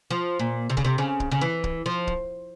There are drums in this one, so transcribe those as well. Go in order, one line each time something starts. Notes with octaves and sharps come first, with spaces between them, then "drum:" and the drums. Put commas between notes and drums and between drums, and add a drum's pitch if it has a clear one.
F3
A#2
C3
C#3, drum: kick
C3
C#3
drum: kick
C#3
E3
drum: kick
F3
drum: kick